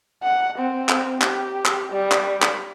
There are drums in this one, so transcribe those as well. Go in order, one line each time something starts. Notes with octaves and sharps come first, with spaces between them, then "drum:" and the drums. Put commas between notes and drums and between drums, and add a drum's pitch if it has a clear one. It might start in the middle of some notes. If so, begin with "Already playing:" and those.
F#5
C4
drum: clap
G4, drum: clap
drum: clap
G3
drum: clap
drum: clap